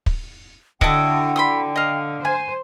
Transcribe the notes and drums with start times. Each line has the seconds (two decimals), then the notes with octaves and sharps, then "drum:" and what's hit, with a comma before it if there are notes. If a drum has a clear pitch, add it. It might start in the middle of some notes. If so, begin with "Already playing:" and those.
0.06 drum: kick
0.81 D3 E4 F#4 D#5 G5 A5, drum: kick
1.36 B5 C6 D#6
1.76 D#5 F5
2.25 C5 G#5